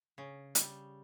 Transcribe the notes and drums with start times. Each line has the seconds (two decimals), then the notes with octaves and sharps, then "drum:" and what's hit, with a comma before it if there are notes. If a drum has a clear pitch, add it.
0.18 C#3
0.55 G3, drum: hi-hat